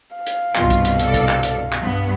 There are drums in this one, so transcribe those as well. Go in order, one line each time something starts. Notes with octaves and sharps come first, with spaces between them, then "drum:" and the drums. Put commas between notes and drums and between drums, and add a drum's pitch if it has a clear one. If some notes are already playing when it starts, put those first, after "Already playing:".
F5
drum: hi-hat
C2 G2 B2 F4, drum: clap
drum: kick, hi-hat
drum: hi-hat
A4 D5, drum: hi-hat
drum: kick, hi-hat
drum: clap
drum: hi-hat
drum: clap
G2 B3